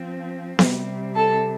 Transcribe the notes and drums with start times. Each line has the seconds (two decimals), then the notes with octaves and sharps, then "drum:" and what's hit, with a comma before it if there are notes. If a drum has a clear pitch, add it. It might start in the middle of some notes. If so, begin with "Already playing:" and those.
Already playing: F3 C4
0.59 C3 G3 C4, drum: snare B3
1.15 A4 A5